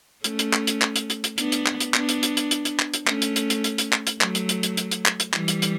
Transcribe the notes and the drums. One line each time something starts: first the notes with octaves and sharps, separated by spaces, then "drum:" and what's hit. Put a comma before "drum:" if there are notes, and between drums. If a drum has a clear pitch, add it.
A3 C#4, drum: hi-hat
drum: hi-hat
drum: clap
drum: hi-hat
drum: clap
drum: hi-hat
drum: hi-hat
drum: hi-hat
B3 D4, drum: hi-hat
drum: hi-hat
drum: clap
drum: hi-hat
B3 D4, drum: clap
drum: hi-hat
drum: hi-hat
drum: hi-hat
drum: hi-hat
drum: hi-hat
drum: clap
drum: hi-hat
A3 C#4, drum: clap
drum: hi-hat
drum: hi-hat
drum: hi-hat
drum: hi-hat
drum: hi-hat
drum: clap
drum: hi-hat
F#3 A3, drum: clap
drum: hi-hat
drum: hi-hat
drum: hi-hat
drum: hi-hat
drum: hi-hat
drum: clap
drum: hi-hat
E3 G3, drum: clap
drum: hi-hat
drum: hi-hat